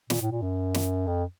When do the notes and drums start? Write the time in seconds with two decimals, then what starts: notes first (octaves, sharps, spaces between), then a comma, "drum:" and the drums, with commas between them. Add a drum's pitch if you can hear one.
0.10 A#2, drum: snare
0.21 A2
0.31 A#2
0.42 F#2
0.74 drum: snare
1.07 F2